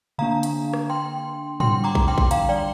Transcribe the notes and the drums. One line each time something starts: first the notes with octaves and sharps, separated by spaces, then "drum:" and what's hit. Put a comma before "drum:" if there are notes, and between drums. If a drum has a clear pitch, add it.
D3 A#3 D4 F5 A#5
drum: hi-hat
drum: rim click
G5 C6
D3 G3 D4 G5 C6, drum: tom
A#5 D6
drum: kick
G5 C6
drum: kick
F5 A#5, drum: hi-hat
D5 G5